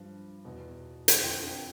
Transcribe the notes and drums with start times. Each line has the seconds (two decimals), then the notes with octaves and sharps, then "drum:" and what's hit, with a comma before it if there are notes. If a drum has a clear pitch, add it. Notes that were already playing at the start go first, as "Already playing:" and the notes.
Already playing: G2 F3
0.45 E2 B2
1.08 drum: hi-hat
1.23 F2 D3 F3 G5